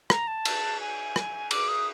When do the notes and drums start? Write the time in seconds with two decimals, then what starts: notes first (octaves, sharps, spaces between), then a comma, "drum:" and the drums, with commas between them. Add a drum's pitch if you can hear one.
0.10 A#5, drum: rim click
0.28 A5
0.45 drum: cymbal
0.81 G#5
1.16 drum: rim click
1.51 D6, drum: cymbal
1.68 D#6